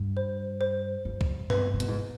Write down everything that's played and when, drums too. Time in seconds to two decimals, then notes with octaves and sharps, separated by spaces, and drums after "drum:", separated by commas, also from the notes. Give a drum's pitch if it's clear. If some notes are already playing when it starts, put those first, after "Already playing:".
Already playing: G2
0.17 C5
0.61 C5
1.05 G2
1.21 drum: kick
1.50 B4, drum: tom G2
1.74 C3
1.80 B2, drum: hi-hat
1.88 G#2